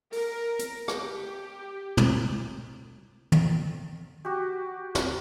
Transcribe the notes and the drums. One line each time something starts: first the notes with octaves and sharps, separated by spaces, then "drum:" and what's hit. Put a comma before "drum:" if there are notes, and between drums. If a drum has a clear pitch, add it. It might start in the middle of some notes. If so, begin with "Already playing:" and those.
A#4, drum: open hi-hat
drum: hi-hat
G4, drum: rim click
drum: tom
drum: tom
F#4 G4
drum: snare